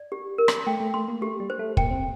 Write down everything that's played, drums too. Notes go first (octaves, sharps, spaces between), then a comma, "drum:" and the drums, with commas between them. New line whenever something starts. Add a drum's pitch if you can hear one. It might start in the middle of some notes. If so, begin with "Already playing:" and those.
Already playing: D5
G4
A#4
drum: rim click
A3 G5
A3
A3 C6
A#3
A3 G4
G3
C5
A3
A#3 G5, drum: kick
C4